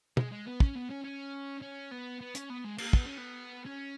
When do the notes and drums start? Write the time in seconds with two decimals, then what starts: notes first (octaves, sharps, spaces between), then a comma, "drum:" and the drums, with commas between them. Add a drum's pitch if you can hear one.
0.17 G#3, drum: tom
0.31 G#3
0.46 B3
0.60 C#4, drum: kick
0.75 B3
0.90 C#4
1.04 C#4
1.62 C#4
1.91 B3
2.21 B3
2.35 C#4, drum: hi-hat
2.50 B3
2.64 G#3
2.78 A#3, drum: cymbal
2.93 B3, drum: kick
3.06 C#4
3.18 B3
3.66 C#4